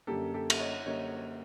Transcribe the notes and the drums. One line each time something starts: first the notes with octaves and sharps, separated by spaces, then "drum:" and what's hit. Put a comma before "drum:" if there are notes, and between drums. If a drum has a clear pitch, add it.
F#2 D3 G3 A#3 G4 A4
G4 A4
drum: cymbal
C#5 D#5
F#2 D3 G3 A#3 C#5 D#5